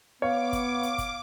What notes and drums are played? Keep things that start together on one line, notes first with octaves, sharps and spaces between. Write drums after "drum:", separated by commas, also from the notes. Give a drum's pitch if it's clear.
B3 C#5 F5 D6
drum: kick G1, hi-hat
drum: hi-hat
drum: kick G1, hi-hat